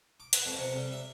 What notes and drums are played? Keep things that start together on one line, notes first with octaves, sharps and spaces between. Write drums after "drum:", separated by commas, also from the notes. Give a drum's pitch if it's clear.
D6
B4, drum: hi-hat
F2
C3
G3
E5